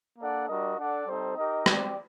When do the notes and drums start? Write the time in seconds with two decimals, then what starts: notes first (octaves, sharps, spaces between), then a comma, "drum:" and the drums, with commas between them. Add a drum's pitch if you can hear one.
0.18 A#3 D4 A4 D5 F#5
0.48 G3 D4 F#4 A#4 D#5
0.78 D4 A4 D5 F#5
1.07 G3 C4 D#4 A4 C5
1.37 D#4 G4 A#4 D#5
1.66 C4 G4 D5 G5, drum: rim click